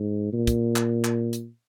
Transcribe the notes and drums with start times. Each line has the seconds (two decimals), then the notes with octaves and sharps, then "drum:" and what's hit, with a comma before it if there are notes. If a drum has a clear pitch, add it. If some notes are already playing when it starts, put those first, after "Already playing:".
Already playing: G#2
0.33 A#2
0.47 drum: kick, hi-hat
0.76 drum: clap
1.04 drum: clap
1.33 drum: hi-hat